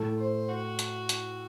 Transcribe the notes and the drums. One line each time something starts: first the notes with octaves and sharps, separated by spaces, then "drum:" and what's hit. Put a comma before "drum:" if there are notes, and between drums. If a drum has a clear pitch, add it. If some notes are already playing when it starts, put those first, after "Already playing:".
Already playing: A2 A3
C5
F#4
drum: hi-hat
drum: hi-hat